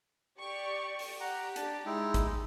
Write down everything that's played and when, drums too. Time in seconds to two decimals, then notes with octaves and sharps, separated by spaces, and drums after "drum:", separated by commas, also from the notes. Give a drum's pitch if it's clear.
0.38 G4 D5 C#6
0.99 drum: open hi-hat
1.20 G4 F#5 A#5
1.56 D4 A5, drum: hi-hat
1.86 G#3 D#4 E4
2.14 drum: kick A1, hi-hat